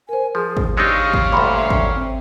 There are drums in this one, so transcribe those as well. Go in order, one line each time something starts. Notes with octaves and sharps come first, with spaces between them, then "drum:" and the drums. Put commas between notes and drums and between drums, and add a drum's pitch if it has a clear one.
A#4 C5 G#5
F3 G#4
drum: kick G#1
G#3 D4 D#4 G4 C#5 F5 E6
drum: kick G#1
D2 G2 A#2 B5 C6
E5
drum: kick G#1
C4